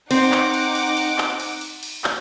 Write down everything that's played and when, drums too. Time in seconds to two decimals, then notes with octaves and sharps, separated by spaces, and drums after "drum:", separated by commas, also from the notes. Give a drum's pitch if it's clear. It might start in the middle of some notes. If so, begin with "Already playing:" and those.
0.11 C4 D#4 F#5 D6, drum: cymbal
0.32 drum: clap
0.54 drum: cymbal
0.75 drum: cymbal
0.97 drum: cymbal
1.18 drum: clap
1.40 drum: cymbal
1.61 drum: cymbal
1.83 drum: cymbal
2.04 drum: clap